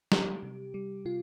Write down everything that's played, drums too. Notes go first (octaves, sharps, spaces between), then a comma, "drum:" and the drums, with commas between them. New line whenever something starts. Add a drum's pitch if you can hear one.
G3 G4, drum: snare
C3
G3
C3 F4